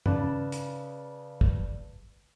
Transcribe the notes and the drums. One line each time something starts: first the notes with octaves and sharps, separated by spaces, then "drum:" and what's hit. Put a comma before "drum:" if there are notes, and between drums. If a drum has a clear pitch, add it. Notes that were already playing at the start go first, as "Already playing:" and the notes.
C#3 B4 D5 A5, drum: tom
drum: hi-hat
drum: kick